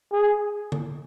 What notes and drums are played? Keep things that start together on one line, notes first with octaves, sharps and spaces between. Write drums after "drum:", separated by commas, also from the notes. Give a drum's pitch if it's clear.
G#4
drum: tom D3